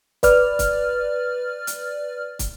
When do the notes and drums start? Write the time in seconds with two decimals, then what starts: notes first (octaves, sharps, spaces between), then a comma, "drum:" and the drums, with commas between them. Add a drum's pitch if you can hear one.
0.23 B4 D5 F6, drum: kick, hi-hat
0.59 drum: kick, hi-hat
1.67 drum: hi-hat
2.39 drum: kick, hi-hat